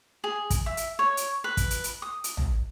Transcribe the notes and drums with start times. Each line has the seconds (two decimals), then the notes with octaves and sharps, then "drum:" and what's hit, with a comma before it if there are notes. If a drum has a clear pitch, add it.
0.24 G#4
0.50 drum: kick, hi-hat
0.66 E5
0.77 drum: hi-hat
0.99 C#5
1.17 drum: hi-hat
1.44 B4
1.57 drum: kick, hi-hat
1.71 drum: hi-hat
1.84 drum: hi-hat
2.02 D#6
2.24 drum: hi-hat
2.37 drum: tom